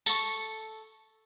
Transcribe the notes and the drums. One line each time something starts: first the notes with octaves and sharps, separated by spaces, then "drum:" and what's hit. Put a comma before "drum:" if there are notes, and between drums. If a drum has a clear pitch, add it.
A4 C#6, drum: tambourine